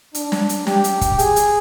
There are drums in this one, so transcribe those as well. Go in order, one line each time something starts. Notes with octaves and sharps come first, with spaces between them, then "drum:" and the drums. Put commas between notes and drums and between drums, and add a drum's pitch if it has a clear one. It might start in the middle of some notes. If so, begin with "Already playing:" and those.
D4, drum: hi-hat
drum: snare
drum: hi-hat
G4, drum: snare
drum: hi-hat
drum: kick, hi-hat
G#4, drum: hi-hat
drum: hi-hat